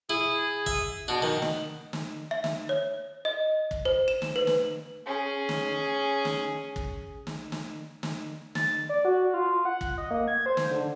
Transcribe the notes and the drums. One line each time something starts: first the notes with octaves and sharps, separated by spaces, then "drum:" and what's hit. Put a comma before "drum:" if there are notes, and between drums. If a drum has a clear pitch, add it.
E4 G#4
E5, drum: kick
B2 D4
D#3
drum: snare
drum: snare
E5
drum: snare
C#5
D#5
drum: kick
C5
E7
drum: snare
B4
drum: snare
C#4 G#4
drum: snare
drum: snare
drum: kick
drum: snare
drum: snare
drum: snare
A6, drum: snare
D5
F#4
F4
F#5
drum: kick
D#5
A#3
G#6
C5
drum: snare
D3